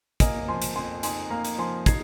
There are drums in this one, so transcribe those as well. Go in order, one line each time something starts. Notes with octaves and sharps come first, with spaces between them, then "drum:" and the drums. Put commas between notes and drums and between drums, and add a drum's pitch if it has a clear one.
A#3 D#5 G#5, drum: kick, hi-hat
F3 G#5 C6
drum: hi-hat
F2 G#5 C6
D#4 G#5 C6, drum: hi-hat
A#3 F5 A#5
drum: hi-hat
F3 G#5 C6
D#4 G#6 C7, drum: kick, hi-hat